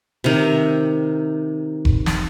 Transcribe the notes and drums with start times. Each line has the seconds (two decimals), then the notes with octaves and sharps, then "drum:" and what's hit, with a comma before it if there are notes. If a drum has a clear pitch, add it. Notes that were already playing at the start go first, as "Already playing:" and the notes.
0.24 C3 D#3
1.85 drum: kick F1
2.06 drum: snare